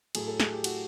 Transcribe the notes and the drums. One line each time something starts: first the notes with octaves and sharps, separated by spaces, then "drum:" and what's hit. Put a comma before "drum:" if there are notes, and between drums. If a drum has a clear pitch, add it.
A2 F#3 A3 G#4, drum: cymbal
A4
G#4, drum: snare
G4
F#4, drum: cymbal